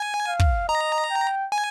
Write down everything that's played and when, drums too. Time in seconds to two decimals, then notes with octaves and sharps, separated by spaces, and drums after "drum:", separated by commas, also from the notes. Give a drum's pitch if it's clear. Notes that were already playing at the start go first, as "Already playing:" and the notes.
Already playing: G#5
0.27 F5
0.39 drum: kick
0.68 D#5 A#5
1.11 G5
1.52 G#5